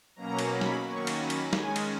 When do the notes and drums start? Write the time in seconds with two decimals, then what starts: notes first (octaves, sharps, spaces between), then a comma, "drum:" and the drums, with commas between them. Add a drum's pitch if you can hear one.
0.16 B2 F#3 A#3 C#4 A#5
0.39 drum: cymbal
0.50 B5
0.61 drum: snare
0.85 D#3 F#3 A#3 C#4 C#6
1.07 drum: cymbal
1.19 B5
1.30 drum: cymbal
1.53 D#3 G#3 C#4 G#5, drum: snare
1.76 drum: cymbal